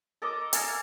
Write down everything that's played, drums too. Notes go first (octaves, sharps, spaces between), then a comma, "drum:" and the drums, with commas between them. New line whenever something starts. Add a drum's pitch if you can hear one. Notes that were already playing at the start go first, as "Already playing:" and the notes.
A4 A#4 D#5 D6
A4 F5 G#5 A#5, drum: hi-hat